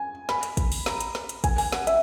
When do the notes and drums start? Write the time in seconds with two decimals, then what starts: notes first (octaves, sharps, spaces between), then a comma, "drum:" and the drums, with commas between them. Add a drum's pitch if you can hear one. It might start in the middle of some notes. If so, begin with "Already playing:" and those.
Already playing: G#5
0.29 B5, drum: snare
0.43 drum: hi-hat
0.57 drum: kick, hi-hat
0.72 drum: open hi-hat
0.86 A#5, drum: snare
1.00 drum: hi-hat
1.15 drum: snare
1.29 drum: hi-hat
1.44 G#5, drum: kick, hi-hat
1.58 G#5, drum: open hi-hat
1.72 F#5, drum: snare
1.87 E5, drum: hi-hat